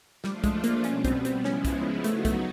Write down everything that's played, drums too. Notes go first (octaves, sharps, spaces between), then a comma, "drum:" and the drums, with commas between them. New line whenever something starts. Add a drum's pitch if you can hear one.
F3 G3 A3 D4 F4, drum: snare
G#3, drum: kick, hi-hat
A#3, drum: hi-hat
B2 G3 B3 C#4, drum: hi-hat
C4, drum: kick, hi-hat
C4, drum: hi-hat
C#3 F3 G#3 B3 C#4 E4, drum: snare
drum: kick, hi-hat
F#3 A3 B3 D#4 F#4, drum: hi-hat
A3, drum: kick, hi-hat